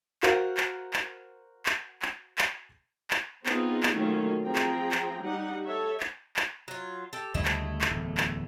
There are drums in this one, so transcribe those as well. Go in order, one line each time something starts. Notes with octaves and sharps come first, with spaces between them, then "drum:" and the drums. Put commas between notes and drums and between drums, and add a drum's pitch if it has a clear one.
F#4 A#4 C5 F5 F#5, drum: clap
drum: clap
drum: clap
drum: clap
drum: clap
drum: clap
drum: clap
B3 C4 D#4 F4 G#4, drum: clap
drum: clap
D#3 F#3 A3 A#3 C#4 F4
F3 C4 G#4 G5 A#5
drum: clap
drum: clap
G3 D#4 F#5
A4 C#5 E5
drum: clap
drum: clap
F#3 F4
G4 A4
D2 C#3 G3 A3 E4 D#5
drum: clap
drum: clap
D1 E2
drum: clap